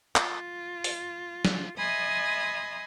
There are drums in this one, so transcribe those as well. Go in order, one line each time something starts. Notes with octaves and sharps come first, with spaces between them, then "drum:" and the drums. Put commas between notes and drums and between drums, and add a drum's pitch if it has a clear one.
F4, drum: clap
drum: open hi-hat
drum: snare
D#5 E5 G#5 B5 C6 D#6